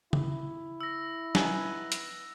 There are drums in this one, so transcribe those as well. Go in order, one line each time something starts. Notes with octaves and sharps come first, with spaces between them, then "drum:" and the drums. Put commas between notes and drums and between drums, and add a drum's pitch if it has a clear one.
E4, drum: tom C#3
E6 A#6
B3 D#4 G#5, drum: snare
drum: hi-hat